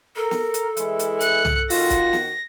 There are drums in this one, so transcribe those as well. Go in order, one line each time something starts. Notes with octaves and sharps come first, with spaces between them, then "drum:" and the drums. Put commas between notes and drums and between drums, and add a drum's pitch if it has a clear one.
A4 A#4
drum: snare
drum: hi-hat
E3 G#3 E4, drum: hi-hat
drum: hi-hat
F#6 C#7, drum: hi-hat
drum: tom
D#3 F4 F#4 A#6, drum: open hi-hat
drum: kick, hi-hat
drum: snare